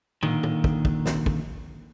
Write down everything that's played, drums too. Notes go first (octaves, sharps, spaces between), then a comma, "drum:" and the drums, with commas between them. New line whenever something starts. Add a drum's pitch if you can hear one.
A#2 D3 D#3, drum: tom
drum: tom
drum: kick
drum: kick
drum: snare
drum: kick